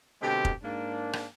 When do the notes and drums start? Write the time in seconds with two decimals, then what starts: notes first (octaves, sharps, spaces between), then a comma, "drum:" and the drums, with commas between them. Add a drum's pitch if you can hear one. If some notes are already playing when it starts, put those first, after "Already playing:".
0.22 B2 D3 G#3 C4 G4
0.45 drum: kick F1
0.63 G#2 A#3 D4
1.13 drum: rim click